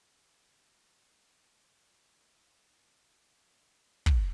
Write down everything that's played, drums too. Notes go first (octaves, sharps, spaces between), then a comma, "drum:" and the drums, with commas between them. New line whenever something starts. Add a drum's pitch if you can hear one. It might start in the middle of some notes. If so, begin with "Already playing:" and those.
C4 D4 F4 A4 A#4 C5
F#3 A#3 C#4
F2
F#4 G5
drum: kick